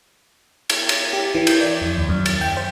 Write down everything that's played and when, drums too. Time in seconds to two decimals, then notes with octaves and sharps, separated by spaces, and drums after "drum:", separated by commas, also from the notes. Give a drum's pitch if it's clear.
0.70 drum: cymbal
0.89 drum: cymbal
1.13 G4
1.35 E3
1.47 G6, drum: cymbal
1.61 D5
1.81 F2
1.97 D#2
2.09 F#2
2.26 A6, drum: cymbal
2.41 G5
2.57 C5